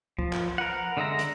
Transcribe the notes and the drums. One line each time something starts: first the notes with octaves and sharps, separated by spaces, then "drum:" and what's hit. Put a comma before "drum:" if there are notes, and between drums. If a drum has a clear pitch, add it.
F3, drum: kick
drum: clap
A#4 B4 F#5
D3 G#3 E5 A#5
drum: hi-hat